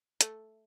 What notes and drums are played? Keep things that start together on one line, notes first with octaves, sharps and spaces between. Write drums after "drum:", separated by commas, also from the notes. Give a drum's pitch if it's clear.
A3, drum: hi-hat